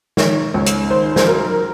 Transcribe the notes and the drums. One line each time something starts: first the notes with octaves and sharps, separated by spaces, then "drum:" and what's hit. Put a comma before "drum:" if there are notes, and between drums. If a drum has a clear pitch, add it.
D#3 C#5, drum: snare
C#2
drum: hi-hat
D#3 C5
C5, drum: snare
F#3 A#4